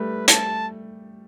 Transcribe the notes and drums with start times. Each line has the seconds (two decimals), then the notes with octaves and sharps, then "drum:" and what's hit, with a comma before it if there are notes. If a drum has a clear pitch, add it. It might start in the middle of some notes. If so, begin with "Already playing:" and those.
Already playing: G3 A3 B4
0.28 A5, drum: hi-hat